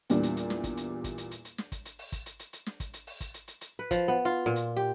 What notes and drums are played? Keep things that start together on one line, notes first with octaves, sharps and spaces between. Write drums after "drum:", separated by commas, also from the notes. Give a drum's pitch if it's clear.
E2 A#2 G3 D4, drum: hi-hat
drum: hi-hat
drum: hi-hat
drum: snare
drum: kick, hi-hat
drum: hi-hat
drum: kick, hi-hat
drum: hi-hat
drum: hi-hat
drum: hi-hat
drum: snare
drum: kick, hi-hat
drum: hi-hat
drum: open hi-hat
drum: kick, hi-hat
drum: hi-hat
drum: hi-hat
drum: hi-hat
drum: snare
drum: kick, hi-hat
drum: hi-hat
drum: open hi-hat
drum: kick, hi-hat
drum: hi-hat
drum: hi-hat
drum: hi-hat
B4
F3, drum: kick, hi-hat
B3
F4
A#2
drum: hi-hat
G4